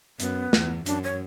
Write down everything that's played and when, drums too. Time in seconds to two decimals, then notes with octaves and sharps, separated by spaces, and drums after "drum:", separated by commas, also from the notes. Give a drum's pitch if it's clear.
0.20 F#2 B3, drum: hi-hat
0.53 E2, drum: snare
0.86 F#2 D4, drum: hi-hat
1.04 C#5